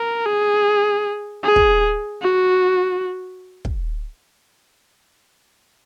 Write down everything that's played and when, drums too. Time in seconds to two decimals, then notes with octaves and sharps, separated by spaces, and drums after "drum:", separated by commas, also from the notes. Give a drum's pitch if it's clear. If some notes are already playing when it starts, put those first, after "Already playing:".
Already playing: A#4
0.26 G#4
1.43 G#4
1.56 drum: kick
2.22 F#4
3.65 drum: kick